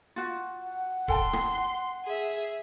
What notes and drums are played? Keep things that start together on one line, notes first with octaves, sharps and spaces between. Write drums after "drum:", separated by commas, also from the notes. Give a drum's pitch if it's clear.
F4 F#4
F#5
A4 G5 A5 C6, drum: kick D1
drum: rim click
G#4 E5